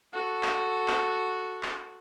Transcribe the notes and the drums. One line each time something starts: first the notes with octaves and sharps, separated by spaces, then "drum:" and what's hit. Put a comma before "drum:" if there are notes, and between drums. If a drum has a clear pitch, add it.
F#4 A4
drum: clap
drum: clap
drum: clap